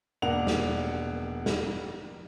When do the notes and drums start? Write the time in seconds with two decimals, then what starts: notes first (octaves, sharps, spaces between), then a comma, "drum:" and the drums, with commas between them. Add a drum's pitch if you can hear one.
0.22 E1 A#3 D4 F#5 F7
0.47 drum: snare
1.46 drum: snare